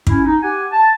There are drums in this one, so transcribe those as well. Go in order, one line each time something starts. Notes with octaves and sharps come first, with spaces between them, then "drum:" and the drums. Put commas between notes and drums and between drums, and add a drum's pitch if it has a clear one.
C#4 E4, drum: kick
D#4
G4 F#5 G#5
A5